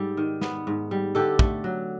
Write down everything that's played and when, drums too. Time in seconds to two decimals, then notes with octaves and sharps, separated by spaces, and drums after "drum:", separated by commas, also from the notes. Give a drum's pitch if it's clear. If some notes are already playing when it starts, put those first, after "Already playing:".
Already playing: G#2 G3 G4 A4
0.17 D#3
0.41 B3, drum: snare
0.67 G#2
0.91 G3
1.15 D3 G4 A4
1.39 A3, drum: kick
1.64 F#3